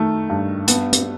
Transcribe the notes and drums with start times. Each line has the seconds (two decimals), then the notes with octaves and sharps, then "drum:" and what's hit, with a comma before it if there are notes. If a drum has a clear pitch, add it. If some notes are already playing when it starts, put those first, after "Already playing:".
Already playing: D#3 A3
0.30 G2
0.67 B3, drum: hi-hat
0.93 drum: hi-hat